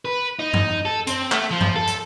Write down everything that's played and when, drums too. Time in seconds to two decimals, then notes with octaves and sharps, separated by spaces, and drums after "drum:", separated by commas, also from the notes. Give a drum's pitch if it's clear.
0.05 B4
0.39 D#4
0.53 drum: tom F#2
0.85 A4
1.07 C4, drum: hi-hat
1.32 A3, drum: clap
1.51 F3
1.61 drum: tom F#2
1.76 A4
1.87 drum: hi-hat